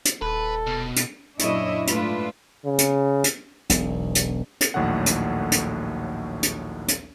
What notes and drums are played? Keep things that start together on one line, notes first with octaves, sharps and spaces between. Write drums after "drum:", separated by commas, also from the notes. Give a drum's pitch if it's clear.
drum: hi-hat
D#1 A4 B4
B2
drum: hi-hat
F#2 A#2 D4 E4 C#5 D#5, drum: hi-hat
G#2 A3 D4 F4 B4, drum: hi-hat
C#3
drum: hi-hat
drum: hi-hat
E1 B1, drum: hi-hat
drum: hi-hat
drum: hi-hat
A#1 D#2 A2 F#3 A4 F#5
drum: hi-hat
drum: hi-hat
drum: hi-hat
drum: hi-hat